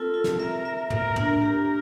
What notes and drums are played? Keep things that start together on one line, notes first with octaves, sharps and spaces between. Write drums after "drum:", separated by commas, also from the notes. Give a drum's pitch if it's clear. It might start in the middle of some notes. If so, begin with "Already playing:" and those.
Already playing: C4 F4 A4 A#4
F4
drum: snare
A#4 E5
E5
A#3 A#4, drum: tom
D4, drum: tom
G4 A#4